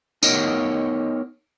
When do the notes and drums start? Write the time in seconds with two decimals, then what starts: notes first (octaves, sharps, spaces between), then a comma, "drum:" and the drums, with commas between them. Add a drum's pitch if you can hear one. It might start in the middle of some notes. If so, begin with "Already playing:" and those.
0.23 B3 D#4 A#4 C#5 D#5 F#5, drum: tambourine